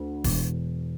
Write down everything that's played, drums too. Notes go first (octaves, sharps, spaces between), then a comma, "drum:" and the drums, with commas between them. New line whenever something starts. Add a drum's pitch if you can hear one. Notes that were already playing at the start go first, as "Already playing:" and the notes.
Already playing: D2
E1, drum: kick E1, open hi-hat